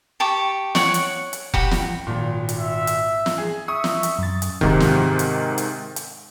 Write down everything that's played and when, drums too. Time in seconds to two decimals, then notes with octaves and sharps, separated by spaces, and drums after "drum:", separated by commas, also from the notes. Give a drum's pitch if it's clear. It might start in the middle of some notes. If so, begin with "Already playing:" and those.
0.20 G4 A5 C#6 D6
0.75 C#5 D5 F#5 C#6, drum: snare
0.94 drum: hi-hat
1.33 drum: hi-hat
1.54 F#4 G4 B5, drum: kick E1
1.71 drum: snare
2.07 G#1 A#2
2.49 drum: hi-hat
2.59 E5
2.87 drum: hi-hat
3.26 drum: snare
3.38 G#4
3.68 E5 C#6 D#6
3.84 drum: snare
4.03 drum: hi-hat
4.19 F#2 A6
4.42 drum: hi-hat
4.61 G#2 C3 D#3, drum: kick E1
4.80 drum: snare
5.19 drum: hi-hat
5.58 drum: hi-hat
5.96 drum: hi-hat